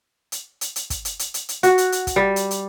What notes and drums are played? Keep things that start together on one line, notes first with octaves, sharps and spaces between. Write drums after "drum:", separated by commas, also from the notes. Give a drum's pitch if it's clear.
drum: hi-hat
drum: hi-hat
drum: hi-hat
drum: kick, hi-hat
drum: hi-hat
drum: hi-hat
drum: hi-hat
drum: hi-hat
F#4, drum: hi-hat
drum: hi-hat
drum: hi-hat
drum: kick, hi-hat
G3
drum: hi-hat
drum: hi-hat